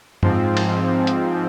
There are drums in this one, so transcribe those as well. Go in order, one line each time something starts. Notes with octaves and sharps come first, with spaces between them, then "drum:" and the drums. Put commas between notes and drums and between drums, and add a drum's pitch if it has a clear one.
G#2 F3 C4, drum: tom F#2
drum: cymbal
drum: hi-hat